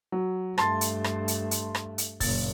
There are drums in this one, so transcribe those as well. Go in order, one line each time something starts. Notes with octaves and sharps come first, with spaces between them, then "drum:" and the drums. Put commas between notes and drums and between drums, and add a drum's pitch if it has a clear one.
F#3
G2 A3 A5 C6 A6, drum: rim click
drum: hi-hat
drum: rim click
drum: hi-hat
drum: hi-hat
drum: rim click
drum: hi-hat
F#1 A#2 A6, drum: kick, open hi-hat